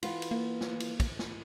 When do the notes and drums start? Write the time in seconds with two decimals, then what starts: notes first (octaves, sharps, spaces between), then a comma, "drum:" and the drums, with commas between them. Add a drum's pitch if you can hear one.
0.03 E3 B3 F4, drum: cymbal
0.22 drum: cymbal
0.31 A#3
0.61 drum: snare
0.80 drum: cymbal
1.00 drum: kick, cymbal
1.19 drum: snare